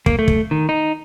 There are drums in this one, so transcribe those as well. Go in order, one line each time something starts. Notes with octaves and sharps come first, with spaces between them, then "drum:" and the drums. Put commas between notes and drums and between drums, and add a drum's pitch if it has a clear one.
A#3, drum: kick
A3
drum: kick
D#3
D#4